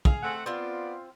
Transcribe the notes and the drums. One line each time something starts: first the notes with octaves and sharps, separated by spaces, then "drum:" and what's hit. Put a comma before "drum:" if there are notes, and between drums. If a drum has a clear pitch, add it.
G#4 F5, drum: kick
A3 C4 F#5
B3 C4 F4 D5